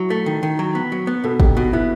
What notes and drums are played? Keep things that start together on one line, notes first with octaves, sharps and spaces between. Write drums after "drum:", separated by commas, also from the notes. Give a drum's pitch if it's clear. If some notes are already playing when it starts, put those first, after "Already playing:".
Already playing: F#3 E4
A3
D#3
D#3
F#3
B3
F#3
B3
B2 A4
B1 G4, drum: kick
B2 F#4
B3 E4